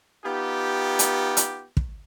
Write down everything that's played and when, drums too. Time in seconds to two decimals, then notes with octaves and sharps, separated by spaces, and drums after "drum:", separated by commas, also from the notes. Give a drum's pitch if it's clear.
0.25 B3 D#4 F4 G4
0.99 drum: hi-hat
1.37 drum: hi-hat
1.77 drum: kick